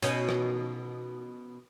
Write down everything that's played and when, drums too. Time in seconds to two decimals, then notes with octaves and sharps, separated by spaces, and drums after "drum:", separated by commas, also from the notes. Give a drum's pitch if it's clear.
0.02 B2 C#4 D#4, drum: hi-hat
0.29 drum: rim click